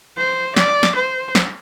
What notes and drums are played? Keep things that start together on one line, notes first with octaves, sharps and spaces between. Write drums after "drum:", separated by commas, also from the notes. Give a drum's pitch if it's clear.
C5
D5, drum: snare
drum: snare
C5
drum: snare